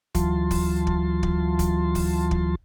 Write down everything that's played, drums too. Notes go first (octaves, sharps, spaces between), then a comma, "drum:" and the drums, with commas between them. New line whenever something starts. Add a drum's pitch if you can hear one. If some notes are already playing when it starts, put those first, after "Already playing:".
D2 E3 F#3 F4 A5 C6, drum: kick, hi-hat
drum: kick, open hi-hat
drum: kick
drum: kick
drum: kick, hi-hat
drum: kick, open hi-hat
drum: kick